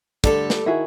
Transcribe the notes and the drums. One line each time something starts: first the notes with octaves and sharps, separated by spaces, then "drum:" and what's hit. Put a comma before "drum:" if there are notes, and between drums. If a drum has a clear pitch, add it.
D3 G3 A3 A4, drum: kick
drum: snare
D#3 E4 F#4 G#4